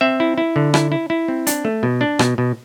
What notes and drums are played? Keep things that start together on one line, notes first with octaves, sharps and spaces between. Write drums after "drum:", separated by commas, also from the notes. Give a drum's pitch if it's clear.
C4 E5
E4
E4
D3
E4, drum: rim click
E4
E4
C4
D4, drum: hi-hat
A3
B2
D4
B2, drum: rim click
B2